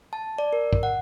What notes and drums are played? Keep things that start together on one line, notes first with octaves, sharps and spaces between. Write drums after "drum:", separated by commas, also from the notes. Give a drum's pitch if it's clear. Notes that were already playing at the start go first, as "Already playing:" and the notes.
A5
D5
A#4
drum: kick
F#5